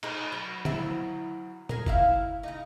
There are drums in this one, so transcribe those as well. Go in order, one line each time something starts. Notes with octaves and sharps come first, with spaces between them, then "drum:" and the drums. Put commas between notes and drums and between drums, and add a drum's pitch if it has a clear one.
D#4 G#4, drum: cymbal
F#3
F#3 C4 E4, drum: tom
G#4 A#4, drum: tom
C#3 E4 F5, drum: kick F1
C#3 D#4